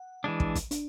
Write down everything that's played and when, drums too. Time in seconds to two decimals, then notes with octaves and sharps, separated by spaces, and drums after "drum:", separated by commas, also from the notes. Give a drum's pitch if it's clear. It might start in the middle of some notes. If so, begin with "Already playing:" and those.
Already playing: F#5
0.24 E3 G#3 D4
0.40 drum: kick
0.55 drum: kick, hi-hat
0.71 D4, drum: hi-hat